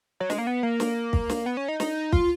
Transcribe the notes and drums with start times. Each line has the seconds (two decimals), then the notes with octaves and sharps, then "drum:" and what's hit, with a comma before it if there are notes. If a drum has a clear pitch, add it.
0.20 F#3
0.30 G#3, drum: snare
0.38 A#3
0.47 B3
0.63 A#3
0.80 drum: snare
1.13 drum: kick
1.30 drum: snare
1.46 B3
1.57 C#4
1.68 D#4
1.80 D#4, drum: snare
2.12 F4, drum: kick